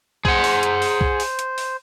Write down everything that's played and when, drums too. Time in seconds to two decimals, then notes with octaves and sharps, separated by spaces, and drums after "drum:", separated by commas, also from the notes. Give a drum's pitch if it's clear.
0.25 G#4 C5 F#5, drum: kick B1
0.44 drum: open hi-hat
0.63 drum: hi-hat
0.82 drum: open hi-hat
1.01 drum: kick B1
1.20 drum: open hi-hat
1.39 drum: hi-hat
1.58 drum: open hi-hat